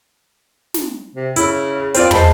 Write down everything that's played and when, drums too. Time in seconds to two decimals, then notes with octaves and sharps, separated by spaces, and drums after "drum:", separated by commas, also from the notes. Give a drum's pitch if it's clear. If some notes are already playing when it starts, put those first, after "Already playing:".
0.74 drum: snare
1.15 C3
1.36 C#3 E4, drum: hi-hat
1.95 C4 F4 D5, drum: hi-hat
2.11 G#3 C5 A5 B5, drum: tom